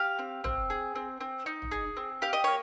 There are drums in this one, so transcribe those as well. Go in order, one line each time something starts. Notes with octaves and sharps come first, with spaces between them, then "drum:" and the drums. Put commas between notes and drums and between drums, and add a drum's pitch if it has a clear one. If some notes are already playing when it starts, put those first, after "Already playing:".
Already playing: G4 F5
C4
C4, drum: tom
G#4
C4
C4
D#4
drum: tom
G#4
C4
G4 F5
D#5
A#3 C#5